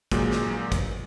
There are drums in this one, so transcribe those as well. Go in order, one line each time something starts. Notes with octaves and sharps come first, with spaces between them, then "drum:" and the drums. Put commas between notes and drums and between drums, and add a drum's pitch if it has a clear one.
A#2 F#3 G#3, drum: kick G#1, hi-hat
drum: snare
drum: kick G#1, hi-hat